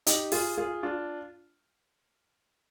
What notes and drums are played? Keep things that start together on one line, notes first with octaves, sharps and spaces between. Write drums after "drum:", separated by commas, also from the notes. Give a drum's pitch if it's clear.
D#4 G4, drum: hi-hat
F4 G#4, drum: open hi-hat
F4 G#4
D4 F4